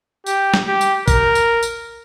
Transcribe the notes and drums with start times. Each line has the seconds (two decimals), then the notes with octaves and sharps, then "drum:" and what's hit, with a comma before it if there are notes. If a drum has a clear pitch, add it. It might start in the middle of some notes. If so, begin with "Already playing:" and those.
0.27 G4, drum: tambourine
0.54 drum: snare
0.67 G4
0.81 drum: tambourine
1.08 A#4, drum: kick A1, tambourine
1.35 drum: tambourine
1.63 drum: tambourine